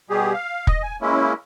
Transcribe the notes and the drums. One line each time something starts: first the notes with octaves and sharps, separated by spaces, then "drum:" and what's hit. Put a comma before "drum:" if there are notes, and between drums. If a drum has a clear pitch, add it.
B2 G3 G4 G#4
F5
D#5, drum: kick
G#5
G#3 A#3 C#4 E4